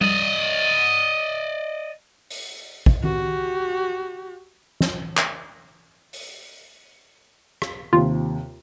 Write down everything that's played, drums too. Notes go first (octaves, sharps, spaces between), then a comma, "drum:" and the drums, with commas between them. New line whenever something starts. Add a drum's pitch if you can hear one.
D5 D#5, drum: tom G3
drum: open hi-hat
drum: kick
F#4 G4, drum: tom D#3
drum: snare
drum: clap
drum: open hi-hat
drum: rim click
D#2 C3 F4